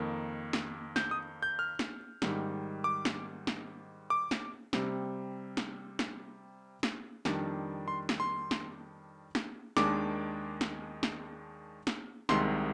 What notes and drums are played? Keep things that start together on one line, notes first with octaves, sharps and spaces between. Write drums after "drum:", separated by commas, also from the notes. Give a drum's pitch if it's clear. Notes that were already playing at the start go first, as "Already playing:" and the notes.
Already playing: F2 D#3 A#3
drum: snare
G6, drum: snare
D#6
G6
F6
drum: snare
G#2 D#3 G3, drum: snare
D6
drum: snare
drum: snare
D6
drum: snare
C3 G3 C4, drum: snare
drum: snare
drum: snare
drum: snare
F2 D#3 G3 D4, drum: snare
C6
drum: snare
C6
drum: snare
drum: snare
D#2 D#3 G#3 D4 D6, drum: snare
drum: snare
drum: snare
drum: snare
C2 C3 D#3 G#3 C6, drum: snare